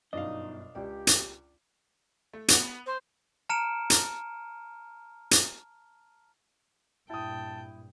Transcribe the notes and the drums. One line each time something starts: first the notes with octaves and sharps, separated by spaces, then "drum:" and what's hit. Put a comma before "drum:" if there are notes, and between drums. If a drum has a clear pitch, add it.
G1 F#2 B2 D4 D#4 D#5 F5
C#2 G4 D5 G5
drum: hi-hat
A3
B3 F7, drum: hi-hat
C5
A5 A#5 F6 C#7 D7 E7
drum: hi-hat
drum: hi-hat
G2 A#2 E4 G5 A5 D#6